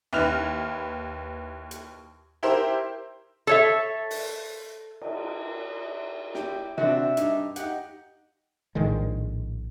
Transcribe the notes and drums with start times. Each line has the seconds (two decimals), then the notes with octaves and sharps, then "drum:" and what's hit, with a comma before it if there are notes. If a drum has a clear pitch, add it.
0.13 D#2 E4 B4 F6 F#6 F7
1.71 drum: hi-hat
2.43 E4 G4 A#4 C5 E5
3.47 A4 C#5 E5
4.11 drum: open hi-hat
5.01 drum: cymbal
6.34 E4 G4, drum: snare
6.78 C4 D4 F#4 E5, drum: tom C3
7.17 G2 D#4, drum: hi-hat
7.56 D#4 G4 F#5, drum: hi-hat
8.75 A#1 A2 D#3 G#3